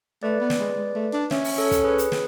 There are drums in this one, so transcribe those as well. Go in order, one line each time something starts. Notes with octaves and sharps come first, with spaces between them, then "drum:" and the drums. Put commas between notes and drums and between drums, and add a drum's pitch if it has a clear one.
A3 B4 D5
B3
drum: snare
G#3
G#3
A3
D4
C#4 C#5 E5, drum: snare
drum: open hi-hat
A4 C#5
drum: kick, hi-hat
G#4 B4
drum: hi-hat
drum: snare